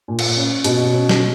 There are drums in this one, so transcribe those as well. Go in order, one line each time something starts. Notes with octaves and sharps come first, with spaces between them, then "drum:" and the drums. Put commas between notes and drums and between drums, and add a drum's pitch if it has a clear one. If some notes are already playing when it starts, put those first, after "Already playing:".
A#2
drum: cymbal
C#4
B2, drum: hi-hat
C#4
drum: snare